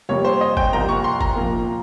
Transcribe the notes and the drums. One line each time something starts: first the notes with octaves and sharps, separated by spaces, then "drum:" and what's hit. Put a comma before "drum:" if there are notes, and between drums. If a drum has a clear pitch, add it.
F2 C3 G3 A#3 C#5
C5
D#5
G5, drum: kick G1
C2 C3 F3 A#3 A#5
C#6
C6
A#5, drum: kick G1
A#2 F3 A#3